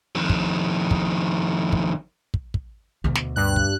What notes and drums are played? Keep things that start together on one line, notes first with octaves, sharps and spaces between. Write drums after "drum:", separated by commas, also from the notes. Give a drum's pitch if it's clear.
F2 D#3
drum: kick
drum: kick
drum: kick
drum: kick
drum: kick
D2 B2
drum: snare
G2 F#6
drum: kick